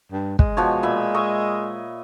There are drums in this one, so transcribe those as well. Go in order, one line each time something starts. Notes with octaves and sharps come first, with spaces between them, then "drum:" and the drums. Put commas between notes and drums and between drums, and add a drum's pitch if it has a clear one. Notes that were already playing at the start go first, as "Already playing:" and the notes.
G2
G#3, drum: kick
B2 F3 C#5
A#2 E5 B5
D#5 E5 C#6